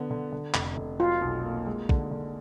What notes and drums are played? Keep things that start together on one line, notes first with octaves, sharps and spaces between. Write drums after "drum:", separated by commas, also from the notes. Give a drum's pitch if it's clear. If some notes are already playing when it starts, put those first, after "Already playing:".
Already playing: D3 B3
D3
D3
F1, drum: clap
F1
F#3 F4
B1
A#3
G#3
D3, drum: kick
D3